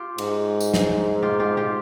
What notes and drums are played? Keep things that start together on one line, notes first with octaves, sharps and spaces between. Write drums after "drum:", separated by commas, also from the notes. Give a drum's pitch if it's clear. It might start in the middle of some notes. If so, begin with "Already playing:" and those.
Already playing: F4 G4
G#2, drum: cymbal
drum: tambourine
drum: snare
F4 G4
F4 G4
F4 G4